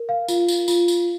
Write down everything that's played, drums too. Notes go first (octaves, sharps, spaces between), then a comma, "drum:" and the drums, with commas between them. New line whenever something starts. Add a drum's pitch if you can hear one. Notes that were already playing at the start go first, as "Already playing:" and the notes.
Already playing: A#4
F5
F4, drum: tambourine
drum: tambourine
F4, drum: tambourine
drum: tambourine